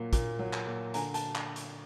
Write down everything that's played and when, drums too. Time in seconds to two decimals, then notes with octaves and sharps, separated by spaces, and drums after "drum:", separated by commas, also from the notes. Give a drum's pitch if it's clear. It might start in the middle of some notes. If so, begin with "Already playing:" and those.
Already playing: A#2 F#3 A#3
0.13 A#2, drum: kick, hi-hat
0.39 F#3
0.53 drum: clap
0.67 A#2
0.94 D3 G#5 A#5, drum: hi-hat
1.14 A5, drum: hi-hat
1.35 drum: clap
1.56 drum: hi-hat